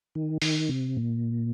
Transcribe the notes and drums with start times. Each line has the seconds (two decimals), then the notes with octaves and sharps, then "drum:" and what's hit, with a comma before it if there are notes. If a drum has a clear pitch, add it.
0.15 D#3
0.42 D#3, drum: open hi-hat
0.69 C3
0.97 A#2